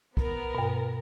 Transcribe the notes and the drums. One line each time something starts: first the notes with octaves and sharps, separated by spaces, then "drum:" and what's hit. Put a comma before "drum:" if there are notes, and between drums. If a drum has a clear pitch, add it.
B3 A#4, drum: kick
G2 B2